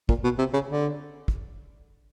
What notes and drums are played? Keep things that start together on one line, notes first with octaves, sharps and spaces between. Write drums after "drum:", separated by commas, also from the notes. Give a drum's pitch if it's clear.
A#2, drum: kick
B2
C3
C#3
D3
drum: kick